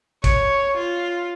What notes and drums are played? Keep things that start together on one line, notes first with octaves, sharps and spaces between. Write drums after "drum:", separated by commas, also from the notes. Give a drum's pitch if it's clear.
C#5, drum: kick, hi-hat
F4